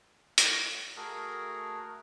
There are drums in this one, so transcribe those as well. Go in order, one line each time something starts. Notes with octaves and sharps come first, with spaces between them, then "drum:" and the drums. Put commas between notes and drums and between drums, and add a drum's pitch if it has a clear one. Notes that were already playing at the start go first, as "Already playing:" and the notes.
drum: hi-hat
A3 F#4 G#4 A#4